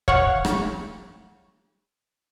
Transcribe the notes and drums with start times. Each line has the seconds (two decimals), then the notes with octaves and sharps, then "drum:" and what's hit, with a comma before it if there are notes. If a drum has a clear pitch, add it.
0.08 C#5 F5 F#5 C#6, drum: kick
0.45 drum: rim click